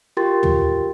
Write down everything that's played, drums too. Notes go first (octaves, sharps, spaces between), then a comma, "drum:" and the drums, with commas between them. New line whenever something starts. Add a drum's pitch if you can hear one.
F4 G4 A#4 G5 C6 A6
drum: tom